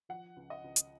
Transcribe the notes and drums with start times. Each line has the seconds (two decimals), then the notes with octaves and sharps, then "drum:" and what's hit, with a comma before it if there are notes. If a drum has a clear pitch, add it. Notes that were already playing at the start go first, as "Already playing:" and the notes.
0.09 F3 F#5
0.36 C#2
0.50 D#5
0.64 C#2
0.76 drum: hi-hat